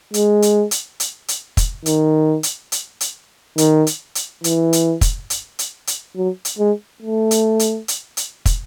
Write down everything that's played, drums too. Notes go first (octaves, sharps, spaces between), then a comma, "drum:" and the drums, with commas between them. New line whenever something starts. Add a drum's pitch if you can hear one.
G#3, drum: hi-hat
drum: hi-hat
drum: hi-hat
drum: hi-hat
drum: hi-hat
drum: kick, hi-hat
D#3, drum: hi-hat
drum: hi-hat
drum: hi-hat
drum: hi-hat
D#3, drum: hi-hat
drum: hi-hat
drum: hi-hat
E3, drum: hi-hat
drum: hi-hat
drum: kick, hi-hat
drum: hi-hat
drum: hi-hat
drum: hi-hat
F#3
drum: hi-hat
G#3
A3
drum: hi-hat
drum: hi-hat
drum: hi-hat
drum: hi-hat
drum: kick, hi-hat